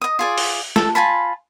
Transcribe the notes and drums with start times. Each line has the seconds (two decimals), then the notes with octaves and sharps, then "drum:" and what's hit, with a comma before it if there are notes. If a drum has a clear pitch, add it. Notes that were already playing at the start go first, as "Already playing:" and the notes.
0.02 D#5 D#6
0.19 F4 G#4 D5
0.38 drum: open hi-hat
0.76 A4, drum: snare
0.95 F4 G#5 A5 B5